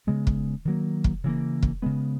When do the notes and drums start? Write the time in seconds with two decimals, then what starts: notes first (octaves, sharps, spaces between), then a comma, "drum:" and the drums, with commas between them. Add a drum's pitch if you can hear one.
0.07 C#3 G#3 B3
0.27 drum: kick
0.65 D#3 F#3 A#3
1.04 drum: kick
1.24 C#3 E3 A#3
1.63 drum: kick
1.82 C#3 G#3 B3